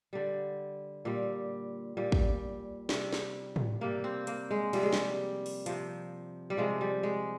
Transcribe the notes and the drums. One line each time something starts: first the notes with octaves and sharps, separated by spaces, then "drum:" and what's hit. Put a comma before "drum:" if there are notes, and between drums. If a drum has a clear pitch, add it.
D3 G3
A#2 G3
A#2 G3
drum: kick
C3 G3, drum: snare
drum: snare
drum: tom
C3 G3 A#3
C4
A#3, drum: hi-hat
G#3
C3 F3 G3, drum: cymbal
G#3
G3, drum: snare
drum: open hi-hat
C3 F3, drum: hi-hat
G3
C3 F3 G#3
G3
G#3